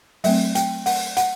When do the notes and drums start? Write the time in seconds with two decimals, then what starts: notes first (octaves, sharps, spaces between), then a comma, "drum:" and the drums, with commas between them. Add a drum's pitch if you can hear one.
0.24 F#3 A3 C4 E5, drum: open hi-hat
0.55 G5, drum: hi-hat
0.86 F#5, drum: open hi-hat
1.17 F#5, drum: hi-hat